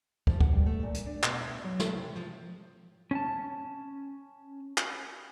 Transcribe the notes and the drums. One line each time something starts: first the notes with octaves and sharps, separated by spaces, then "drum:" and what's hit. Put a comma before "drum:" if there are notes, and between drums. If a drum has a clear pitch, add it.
F3, drum: kick
F#5, drum: kick
G2
A3
A#2
drum: hi-hat
D4
B2, drum: clap
E5
F#3
A4, drum: snare
C3
F3
C#4 G#5 A5
drum: clap